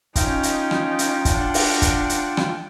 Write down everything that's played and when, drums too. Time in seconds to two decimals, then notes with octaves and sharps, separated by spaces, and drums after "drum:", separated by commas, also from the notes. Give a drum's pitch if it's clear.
0.16 C#4 D#4 F4 G5, drum: kick, hi-hat
0.43 drum: hi-hat
0.71 drum: rim click
0.99 drum: hi-hat
1.25 D4 F#5, drum: kick, hi-hat
1.54 drum: open hi-hat
1.82 drum: kick, hi-hat
2.09 drum: hi-hat
2.37 drum: rim click